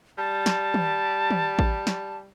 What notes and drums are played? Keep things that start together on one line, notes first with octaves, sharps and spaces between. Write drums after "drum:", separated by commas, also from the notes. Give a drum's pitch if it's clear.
G3 A5
drum: snare
drum: tom
drum: tom
drum: kick A1
drum: snare